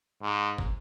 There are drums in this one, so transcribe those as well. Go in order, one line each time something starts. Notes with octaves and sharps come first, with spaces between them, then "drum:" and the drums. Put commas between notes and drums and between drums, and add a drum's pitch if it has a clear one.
G#2
drum: kick